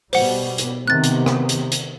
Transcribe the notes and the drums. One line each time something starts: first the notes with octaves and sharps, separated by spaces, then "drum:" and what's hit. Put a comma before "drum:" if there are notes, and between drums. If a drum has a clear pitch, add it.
B2 G3 C5 F#5, drum: open hi-hat
drum: hi-hat
C3 D#3 B3 F#6 A6
drum: hi-hat
drum: rim click
drum: hi-hat
drum: hi-hat